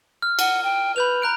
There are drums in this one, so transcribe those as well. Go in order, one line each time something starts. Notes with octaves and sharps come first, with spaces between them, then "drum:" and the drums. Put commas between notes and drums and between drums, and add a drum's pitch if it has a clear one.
F6
F#5, drum: cymbal
G5
B4 B5 G6 F7
A#5 F#6 D7